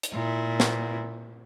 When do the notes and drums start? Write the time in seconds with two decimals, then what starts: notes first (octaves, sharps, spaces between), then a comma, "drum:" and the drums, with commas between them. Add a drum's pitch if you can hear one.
0.03 drum: hi-hat
0.13 A#2 E4
0.60 drum: snare